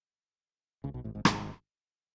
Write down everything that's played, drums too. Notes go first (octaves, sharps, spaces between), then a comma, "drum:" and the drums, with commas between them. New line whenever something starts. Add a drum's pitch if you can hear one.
C#2 C#3
B1 B2
A1 A2
G#1 G#2
G#1 G#2, drum: rim click